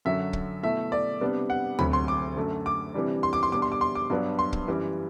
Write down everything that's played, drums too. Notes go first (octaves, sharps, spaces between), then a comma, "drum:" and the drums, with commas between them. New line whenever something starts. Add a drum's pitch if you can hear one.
F#2 D3 F#3 E5
drum: kick
B2 A3 E4 E5
D5
C3 G3 B3 D4
F#5
D2 C3 F#3 B5, drum: tom D2
C6
D6
F#2 D3 A3
D6
C3 E3 G3 D4
C6
D6
C6
B2 G3 D4 D6
C6
D6
C6
D6
G2 F#3 B3 D4
C6
drum: kick
F#2 E3 G3